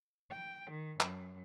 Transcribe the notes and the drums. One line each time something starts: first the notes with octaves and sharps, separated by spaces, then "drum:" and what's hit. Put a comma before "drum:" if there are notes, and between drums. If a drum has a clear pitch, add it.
G5
D#3
F#2, drum: clap